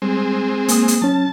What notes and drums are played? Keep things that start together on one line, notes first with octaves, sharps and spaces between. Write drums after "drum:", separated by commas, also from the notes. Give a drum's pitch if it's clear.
G3 G#3 C4
A#3 G#5 D#6, drum: hi-hat
drum: hi-hat
F#3 C#4 A5